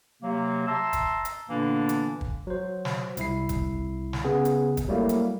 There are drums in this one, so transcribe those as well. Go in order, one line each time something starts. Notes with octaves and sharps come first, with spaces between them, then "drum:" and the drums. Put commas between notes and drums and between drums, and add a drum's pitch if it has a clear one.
C3 F#3 A#3
E5 A5 A#5 C6 E6
drum: kick, hi-hat
drum: hi-hat
A#2 D3 E3 A#3 B3 D4
drum: hi-hat
drum: kick
F#3 C5
drum: snare
C2 E4 C7, drum: hi-hat
drum: kick, hi-hat
drum: snare
C#3 B3 G#4
drum: hi-hat
drum: kick, hi-hat
F#3 G3 A3 A#3 E4
drum: hi-hat